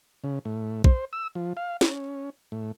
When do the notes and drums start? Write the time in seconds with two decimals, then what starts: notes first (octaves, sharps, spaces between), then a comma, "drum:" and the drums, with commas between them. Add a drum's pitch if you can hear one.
0.24 C#3
0.45 A2
0.84 C5, drum: kick
1.13 E6
1.35 F3
1.57 F5
1.81 C#4, drum: snare
2.52 A2